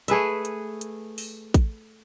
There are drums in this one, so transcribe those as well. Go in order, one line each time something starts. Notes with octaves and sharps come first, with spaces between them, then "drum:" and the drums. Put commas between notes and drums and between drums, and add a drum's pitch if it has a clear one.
A3 G#4 B4 E5, drum: hi-hat
drum: hi-hat
drum: hi-hat
drum: open hi-hat
drum: kick A1, hi-hat